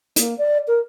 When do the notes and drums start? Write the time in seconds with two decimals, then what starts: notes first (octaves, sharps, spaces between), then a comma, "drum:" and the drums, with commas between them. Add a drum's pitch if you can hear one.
0.16 A#3, drum: hi-hat
0.38 D5
0.67 A#4